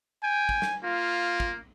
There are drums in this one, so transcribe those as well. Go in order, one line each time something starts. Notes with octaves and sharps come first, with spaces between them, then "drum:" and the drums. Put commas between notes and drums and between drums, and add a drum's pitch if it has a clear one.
G5 G#5
drum: kick
drum: snare
A#3 F4
drum: kick